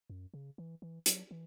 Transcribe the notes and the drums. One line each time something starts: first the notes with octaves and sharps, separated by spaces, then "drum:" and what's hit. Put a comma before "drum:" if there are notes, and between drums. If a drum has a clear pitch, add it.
F#2
C#3
E3
E3
F#3, drum: hi-hat
E3